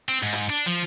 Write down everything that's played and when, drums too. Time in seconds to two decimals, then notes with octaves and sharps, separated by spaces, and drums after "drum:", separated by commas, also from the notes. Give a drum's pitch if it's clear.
0.09 C4
0.23 G#2
0.33 drum: hi-hat
0.50 D4
0.66 F3